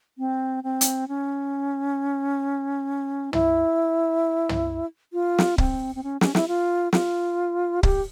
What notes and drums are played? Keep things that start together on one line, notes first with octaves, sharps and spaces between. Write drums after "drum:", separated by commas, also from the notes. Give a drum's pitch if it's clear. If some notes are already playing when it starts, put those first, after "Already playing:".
C4
C4
drum: hi-hat
C#4
E4, drum: tom
drum: tom
F4
drum: snare
C4, drum: kick C#1
C4
C#4
C#4, drum: snare
E4, drum: snare
F4
F4, drum: snare
G4, drum: kick C#1